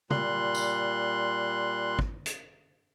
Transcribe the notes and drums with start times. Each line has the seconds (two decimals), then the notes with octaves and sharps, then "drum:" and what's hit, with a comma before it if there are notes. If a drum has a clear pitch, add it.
0.10 A#2 G3 C6 F#6, drum: tom
0.55 drum: tambourine
1.99 drum: kick
2.26 drum: hi-hat